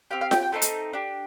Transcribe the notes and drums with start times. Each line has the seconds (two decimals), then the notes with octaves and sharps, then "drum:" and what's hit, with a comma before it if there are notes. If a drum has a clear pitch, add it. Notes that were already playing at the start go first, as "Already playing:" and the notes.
0.11 C4 G4 F5
0.21 F5
0.31 G5, drum: snare F4
0.42 G5
0.52 A3 C4 D#4 A5
0.62 drum: hi-hat
0.93 D4 G4